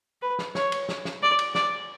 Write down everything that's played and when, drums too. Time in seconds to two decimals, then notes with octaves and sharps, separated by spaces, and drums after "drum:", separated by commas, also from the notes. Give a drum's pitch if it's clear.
0.22 B4
0.39 drum: snare
0.55 C#5, drum: snare
0.72 drum: cymbal
0.89 drum: snare
1.05 drum: snare
1.22 D5
1.39 drum: cymbal
1.55 D5, drum: snare